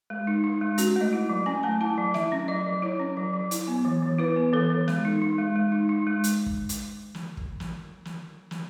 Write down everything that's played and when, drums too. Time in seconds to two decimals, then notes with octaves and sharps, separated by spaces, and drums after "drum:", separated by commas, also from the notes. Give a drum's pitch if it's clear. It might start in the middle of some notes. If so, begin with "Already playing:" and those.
0.10 G#3
0.27 D#4
0.44 D#4
0.61 G#3
0.78 C#4 F#4, drum: hi-hat
0.96 A3 D#5
1.13 E4
1.29 F#3
1.46 C#4 G#5
1.63 A3 A5
1.81 E4 A5
1.98 F#3
2.14 E4 E5, drum: snare
2.32 C#4
2.48 F#3 D#5
2.66 F#3
2.82 E4 C#5
2.99 C#4
3.17 F#3
3.34 F#3
3.51 E4, drum: hi-hat
3.68 B3
3.85 E3
4.02 E3
4.19 E4 B4
4.36 B3
4.53 E3 A4
4.70 E3
4.88 G#3, drum: snare
5.05 D#4
5.22 D#4
5.38 G#3
5.56 G#3
5.72 D#4
5.89 D#4
6.07 G#3
6.24 drum: hi-hat
6.46 drum: kick
6.69 drum: hi-hat
7.15 drum: snare
7.37 drum: kick
7.60 drum: snare
8.05 drum: snare
8.51 drum: snare